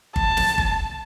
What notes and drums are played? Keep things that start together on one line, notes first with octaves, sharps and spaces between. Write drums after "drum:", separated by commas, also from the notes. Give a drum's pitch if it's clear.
A5, drum: kick G1
drum: snare
drum: kick G1